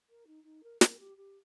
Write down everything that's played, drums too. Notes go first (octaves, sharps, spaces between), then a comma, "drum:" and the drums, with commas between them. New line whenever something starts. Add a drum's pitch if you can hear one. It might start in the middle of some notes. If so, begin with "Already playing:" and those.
A#4
D#4
D#4
A#4
A#4, drum: snare
G4
G4